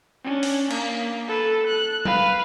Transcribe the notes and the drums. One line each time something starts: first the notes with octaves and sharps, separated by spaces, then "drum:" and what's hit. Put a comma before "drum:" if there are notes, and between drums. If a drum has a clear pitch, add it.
C#4 D4
drum: open hi-hat
A#3, drum: cymbal
A4 B4
F#6
B4 F5, drum: tom F#3